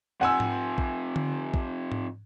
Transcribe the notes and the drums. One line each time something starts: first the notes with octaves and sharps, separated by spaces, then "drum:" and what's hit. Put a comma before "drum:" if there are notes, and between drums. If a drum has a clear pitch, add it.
C3 F3 F#5 G#5 E6
drum: tom G#2
drum: kick A#1
drum: tom D3
drum: kick A#1
drum: tom G#2